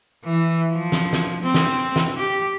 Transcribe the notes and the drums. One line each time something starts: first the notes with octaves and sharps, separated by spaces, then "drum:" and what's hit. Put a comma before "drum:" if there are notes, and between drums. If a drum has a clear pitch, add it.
E3
F3
drum: snare
drum: snare
C4
drum: snare
drum: snare
G4